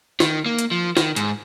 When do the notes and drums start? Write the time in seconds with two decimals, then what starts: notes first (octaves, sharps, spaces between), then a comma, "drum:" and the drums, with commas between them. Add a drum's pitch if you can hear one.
0.20 D#3, drum: snare
0.46 A#3
0.59 drum: hi-hat
0.71 F3
0.97 D#3, drum: snare
1.16 G#2, drum: hi-hat